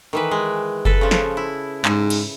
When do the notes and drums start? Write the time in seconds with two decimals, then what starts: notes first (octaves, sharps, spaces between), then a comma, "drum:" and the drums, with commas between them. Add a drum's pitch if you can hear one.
0.13 D#3 E3 B4
0.31 G#3
0.85 A4 B4, drum: kick F#1
1.01 C#3 F3
1.11 drum: snare
1.37 E4
1.85 G#2, drum: clap
2.10 drum: cymbal